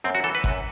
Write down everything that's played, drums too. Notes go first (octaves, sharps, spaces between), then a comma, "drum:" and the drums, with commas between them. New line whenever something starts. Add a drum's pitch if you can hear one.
F#2 C4
F#4
E3 A4
B4
F#2, drum: kick G#1